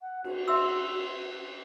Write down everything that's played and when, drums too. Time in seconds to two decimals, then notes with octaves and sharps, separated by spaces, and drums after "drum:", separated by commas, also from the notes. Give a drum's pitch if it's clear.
0.01 F#5
0.24 F#4, drum: cymbal
0.48 E5 C6 E6